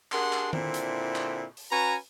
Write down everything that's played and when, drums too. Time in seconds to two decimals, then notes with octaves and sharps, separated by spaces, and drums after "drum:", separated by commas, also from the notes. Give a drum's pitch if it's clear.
0.12 D4 G4 G#4 A#4 F#5 C6, drum: clap
0.33 drum: clap
0.53 A#2 D3 C4 E4, drum: tom D#3
0.74 drum: hi-hat
1.16 drum: clap
1.57 drum: open hi-hat
1.71 C#4 F#4 B4 G#5 A#5